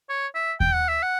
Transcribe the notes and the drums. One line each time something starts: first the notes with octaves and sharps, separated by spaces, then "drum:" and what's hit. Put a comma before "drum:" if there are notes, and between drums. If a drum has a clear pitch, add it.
C#5
E5
G5, drum: kick D#2
F#5
E5
F#5